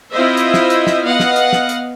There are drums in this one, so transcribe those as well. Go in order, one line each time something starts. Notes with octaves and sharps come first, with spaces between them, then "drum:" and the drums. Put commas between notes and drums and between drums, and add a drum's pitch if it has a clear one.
C4 E4 F4 C5 D#5 E5
drum: hi-hat
drum: snare
drum: hi-hat
drum: snare
B3 D#5 F5 F#5
drum: snare
drum: hi-hat
drum: snare
drum: hi-hat